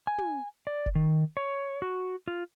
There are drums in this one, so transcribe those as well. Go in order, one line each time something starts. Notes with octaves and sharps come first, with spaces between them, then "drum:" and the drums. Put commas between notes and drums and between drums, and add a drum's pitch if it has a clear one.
G#5
drum: tom
D5
drum: kick F1
D#3
C#5
F#4
F4